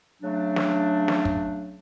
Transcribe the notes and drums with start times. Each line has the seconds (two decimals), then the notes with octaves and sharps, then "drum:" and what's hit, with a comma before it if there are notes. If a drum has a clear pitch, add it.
0.22 C#3 F#3 A3 D4
0.56 drum: snare
1.08 drum: snare
1.25 drum: kick